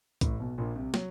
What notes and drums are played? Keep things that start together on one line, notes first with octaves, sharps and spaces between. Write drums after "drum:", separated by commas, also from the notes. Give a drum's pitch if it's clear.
A1 A2, drum: kick B1, hi-hat
B1 B2
A#1 A#2
C2 C3
F#3, drum: snare